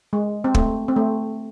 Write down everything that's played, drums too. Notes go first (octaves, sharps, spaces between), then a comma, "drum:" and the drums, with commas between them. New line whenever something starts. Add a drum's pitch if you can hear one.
G#3
C4
A3, drum: kick
C4
A3